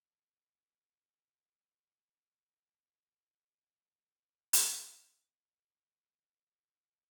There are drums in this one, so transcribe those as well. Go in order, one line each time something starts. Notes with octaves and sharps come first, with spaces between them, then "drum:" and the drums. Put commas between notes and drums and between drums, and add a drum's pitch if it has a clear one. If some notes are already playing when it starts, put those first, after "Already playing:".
G#3
G4 D#6
D2 G2 D3 F3 C4
drum: hi-hat
B5 D#6 E6
F4 G#4 F5 A#5 E6
B5
C#5 D6 D#6